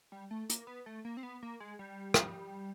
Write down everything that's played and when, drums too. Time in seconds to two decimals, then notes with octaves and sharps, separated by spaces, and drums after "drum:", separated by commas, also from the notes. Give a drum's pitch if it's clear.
0.12 G3
0.31 A3
0.50 A#3, drum: hi-hat
0.67 B3
0.86 A3
1.05 A#3
1.17 C4
1.23 B3
1.43 A#3
1.60 G#3
1.79 G3
2.14 drum: rim click